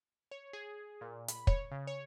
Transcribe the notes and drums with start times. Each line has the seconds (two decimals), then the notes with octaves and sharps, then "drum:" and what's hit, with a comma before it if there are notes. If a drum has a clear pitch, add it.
0.31 C#5
0.53 G#4
1.01 A#2
1.28 B5, drum: hi-hat
1.47 C#5, drum: kick
1.71 C#3
1.87 C#5